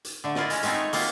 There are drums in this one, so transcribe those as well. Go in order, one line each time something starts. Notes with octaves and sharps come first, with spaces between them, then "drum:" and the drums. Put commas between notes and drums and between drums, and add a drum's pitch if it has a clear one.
drum: hi-hat
D3 A3
E4 F4 A#4 D5 D#5, drum: snare
G#3 C#4, drum: hi-hat
G#3 A3 B3 C4 D#4, drum: hi-hat
C#5
A#3 C4 F4 F#4, drum: open hi-hat